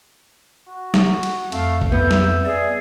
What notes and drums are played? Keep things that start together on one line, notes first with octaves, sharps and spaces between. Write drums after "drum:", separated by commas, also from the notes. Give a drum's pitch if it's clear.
F#4
drum: snare
drum: cymbal
F2 A3 F5, drum: cymbal
drum: kick
B3 E5 G6
drum: snare
G#4 D5